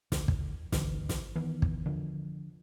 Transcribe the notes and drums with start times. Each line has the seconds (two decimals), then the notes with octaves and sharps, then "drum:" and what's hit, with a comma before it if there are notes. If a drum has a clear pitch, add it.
0.12 D2, drum: snare
0.28 drum: kick
0.72 G1 C#2 D3 E3, drum: snare
1.09 drum: snare
1.35 D#3 E3 B3
1.62 drum: kick
1.86 D3 F3